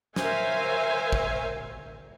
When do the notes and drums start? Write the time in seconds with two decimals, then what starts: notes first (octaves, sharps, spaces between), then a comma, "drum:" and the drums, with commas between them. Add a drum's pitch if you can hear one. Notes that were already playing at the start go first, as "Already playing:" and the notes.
0.16 A#4 C5 C#5 E5 F5 G#5, drum: snare
1.13 drum: kick